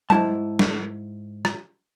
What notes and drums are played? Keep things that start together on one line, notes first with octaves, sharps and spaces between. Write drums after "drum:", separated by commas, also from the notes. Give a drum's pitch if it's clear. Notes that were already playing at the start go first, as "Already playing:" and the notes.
G#2 E4 A5, drum: tom F#3
drum: snare
drum: rim click